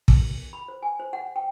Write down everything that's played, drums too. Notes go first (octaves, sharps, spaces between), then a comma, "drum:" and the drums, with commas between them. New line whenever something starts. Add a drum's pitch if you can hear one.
drum: kick
B5
C5
G#5
C5
F#5
G5